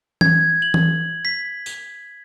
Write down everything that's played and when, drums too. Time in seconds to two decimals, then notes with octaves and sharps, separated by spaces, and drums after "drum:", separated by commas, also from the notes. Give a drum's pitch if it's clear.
0.21 G#6, drum: tom E3
0.62 F#7
0.74 drum: tom E3
1.25 B6
1.66 drum: tambourine